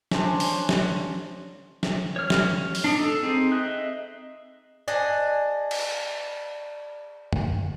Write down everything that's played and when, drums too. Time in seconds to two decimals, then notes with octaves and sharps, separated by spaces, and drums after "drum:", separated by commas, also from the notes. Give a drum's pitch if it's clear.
0.11 C#4 D4 C5, drum: snare
0.40 drum: open hi-hat
0.69 drum: snare
1.83 drum: snare
2.16 C#5 F6
2.30 drum: snare
2.75 drum: open hi-hat
2.84 D4 D#4
2.99 A4
3.23 C4 D#4 G#4
3.52 D#5 E5 F#6
4.88 G#4 D5 D#5 F#5 A5
5.71 drum: cymbal
7.33 drum: tom F#2